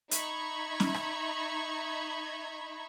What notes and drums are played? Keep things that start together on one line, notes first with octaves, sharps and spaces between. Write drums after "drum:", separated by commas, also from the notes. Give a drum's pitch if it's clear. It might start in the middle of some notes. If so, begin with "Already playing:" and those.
D#4 E5 A#5 B5 C#6 G#6, drum: hi-hat
drum: snare
drum: rim click